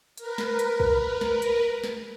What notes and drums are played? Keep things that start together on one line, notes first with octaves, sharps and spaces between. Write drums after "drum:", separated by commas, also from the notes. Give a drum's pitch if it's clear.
A#4 B4, drum: hi-hat
drum: snare
drum: hi-hat
drum: kick
drum: snare
drum: hi-hat
drum: snare